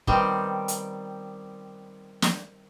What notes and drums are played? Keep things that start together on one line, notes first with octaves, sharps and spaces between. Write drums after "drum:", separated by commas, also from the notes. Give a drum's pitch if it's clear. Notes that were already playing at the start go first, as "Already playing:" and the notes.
D#3 G3 B3 C4, drum: kick
drum: hi-hat
drum: snare